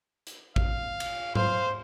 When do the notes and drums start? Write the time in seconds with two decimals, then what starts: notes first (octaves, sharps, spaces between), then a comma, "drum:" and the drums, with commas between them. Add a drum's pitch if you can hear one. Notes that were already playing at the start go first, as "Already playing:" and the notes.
0.27 drum: hi-hat
0.56 F5, drum: kick A1
1.00 drum: cymbal
1.35 C5 F5, drum: tom G#2